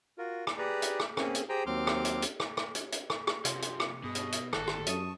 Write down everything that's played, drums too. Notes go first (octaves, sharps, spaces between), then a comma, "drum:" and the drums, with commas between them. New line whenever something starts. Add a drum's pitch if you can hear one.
F4 F#4 A#4
drum: rim click
G4 G#4 B4 D5 A#5
drum: hi-hat
drum: rim click
A#3 C4 C#4 G#4, drum: rim click
drum: hi-hat
G4 G#4 C5 G5 A#5
D#2 F#3 C4 C6 D6 F6
drum: rim click
drum: hi-hat
drum: hi-hat
drum: rim click
drum: rim click
drum: hi-hat
drum: hi-hat
drum: rim click
drum: rim click
F#2 C3 F3 C6, drum: hi-hat
drum: hi-hat
drum: rim click
G2 B2 G#4 D#5
drum: hi-hat
drum: hi-hat
G1 A2 D#3 F#4 A4, drum: rim click
drum: rim click
F#2 A5 C#6 D#6, drum: hi-hat